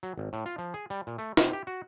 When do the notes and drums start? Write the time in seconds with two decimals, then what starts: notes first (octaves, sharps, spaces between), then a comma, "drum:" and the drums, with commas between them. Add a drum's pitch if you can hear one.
0.03 F#3
0.18 G#1
0.33 A2
0.46 F4
0.58 F3
0.74 G#4
0.90 G3
1.07 A#2
1.18 A3
1.37 C3, drum: snare
1.53 G4
1.67 F#4